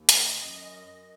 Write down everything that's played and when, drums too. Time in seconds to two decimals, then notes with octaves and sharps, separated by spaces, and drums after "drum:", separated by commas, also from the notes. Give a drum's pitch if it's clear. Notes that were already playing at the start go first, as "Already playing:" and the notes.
Already playing: D#2
0.09 D#5, drum: hi-hat
0.40 F#2 D#5
0.87 F#2